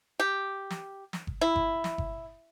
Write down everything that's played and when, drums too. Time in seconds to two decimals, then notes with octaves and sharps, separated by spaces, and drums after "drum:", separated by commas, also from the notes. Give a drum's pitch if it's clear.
0.20 G4
0.70 drum: snare
1.13 drum: snare
1.27 drum: kick G1
1.41 E4
1.56 drum: kick G1
1.84 drum: snare
1.98 drum: kick G1